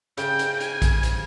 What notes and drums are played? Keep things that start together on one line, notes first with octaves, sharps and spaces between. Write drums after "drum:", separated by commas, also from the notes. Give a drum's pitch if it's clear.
C#3 G5, drum: hi-hat
drum: hi-hat
G#5, drum: hi-hat
drum: kick A#1, hi-hat
drum: hi-hat